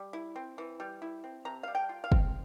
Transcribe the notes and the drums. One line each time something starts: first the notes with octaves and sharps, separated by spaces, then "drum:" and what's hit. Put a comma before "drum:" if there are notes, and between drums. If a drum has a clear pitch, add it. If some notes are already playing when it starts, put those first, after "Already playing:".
Already playing: G3
E4
C4
E3
G3
E4
C4
C3 A#5
G3 F5
G5
F4
F5
C4, drum: kick